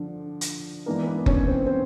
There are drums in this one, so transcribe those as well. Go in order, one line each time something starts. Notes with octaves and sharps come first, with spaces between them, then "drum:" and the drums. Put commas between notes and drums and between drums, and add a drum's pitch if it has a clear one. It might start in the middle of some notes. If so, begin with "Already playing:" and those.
Already playing: D3 F3 D4
drum: hi-hat
E3 G#3 A#3 B3 D4 A#4
B3 B4
C#4 C#5, drum: kick F#1
C4 C5
C4 C5